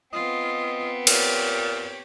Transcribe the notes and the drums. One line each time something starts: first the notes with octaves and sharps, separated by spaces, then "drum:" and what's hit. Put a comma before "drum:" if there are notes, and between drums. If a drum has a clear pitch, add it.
B3 C4 F4 D#5
A#2 G4 C#5, drum: cymbal